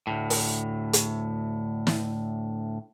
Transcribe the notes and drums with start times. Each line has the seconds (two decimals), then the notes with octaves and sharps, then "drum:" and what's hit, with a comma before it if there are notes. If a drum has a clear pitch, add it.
0.07 D2 A2
0.30 drum: open hi-hat
0.93 drum: hi-hat
1.87 drum: snare